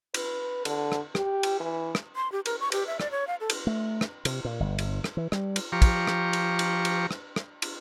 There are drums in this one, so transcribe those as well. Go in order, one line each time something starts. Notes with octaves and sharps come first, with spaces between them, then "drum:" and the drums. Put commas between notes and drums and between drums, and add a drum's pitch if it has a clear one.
B4, drum: cymbal
D3, drum: cymbal
drum: rim click
G4, drum: rim click
drum: cymbal
E3
drum: rim click
C6
G4
A#4, drum: cymbal
C#6
G4, drum: cymbal
E5
D5, drum: rim click
C#5
F5
A4
drum: cymbal
A3
drum: rim click
C3, drum: cymbal
A#2
G1
drum: cymbal
drum: rim click
E3
G3, drum: rim click
drum: cymbal
F3 G4 A#5 C#6
drum: kick, cymbal
drum: rim click
drum: cymbal
drum: cymbal
drum: cymbal
drum: rim click
drum: rim click
drum: cymbal